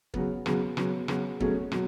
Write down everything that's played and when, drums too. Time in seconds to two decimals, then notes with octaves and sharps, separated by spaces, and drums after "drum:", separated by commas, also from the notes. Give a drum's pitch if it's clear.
0.14 C#3 F#3 B3, drum: kick
0.46 C#3 F#3 B3, drum: rim click
0.77 C#3 F#3 B3, drum: rim click
1.08 C#3 F#3 B3, drum: rim click
1.40 B2 F#3 A3 C#4 G#4, drum: kick
1.72 B2 F#3, drum: rim click